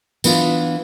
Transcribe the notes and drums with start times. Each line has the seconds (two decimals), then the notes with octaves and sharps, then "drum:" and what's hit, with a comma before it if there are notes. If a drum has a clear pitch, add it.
0.24 E3 B3 D4 F4, drum: tambourine